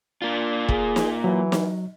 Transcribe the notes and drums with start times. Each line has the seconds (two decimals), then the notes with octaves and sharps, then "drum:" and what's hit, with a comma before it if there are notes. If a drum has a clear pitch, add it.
0.22 A#3 D4 F4
0.69 G#4, drum: kick
0.96 drum: snare
1.24 E3 F#3
1.52 drum: snare